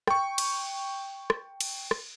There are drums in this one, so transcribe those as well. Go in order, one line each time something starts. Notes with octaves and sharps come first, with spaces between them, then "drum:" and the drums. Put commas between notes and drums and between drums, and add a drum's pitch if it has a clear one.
G5 C#6, drum: rim click
drum: cymbal
drum: rim click
drum: cymbal
drum: rim click